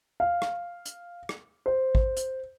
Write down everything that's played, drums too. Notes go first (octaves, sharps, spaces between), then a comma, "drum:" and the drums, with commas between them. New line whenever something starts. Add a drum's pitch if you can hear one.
F5
drum: rim click
drum: hi-hat
drum: rim click
C5
drum: kick
drum: hi-hat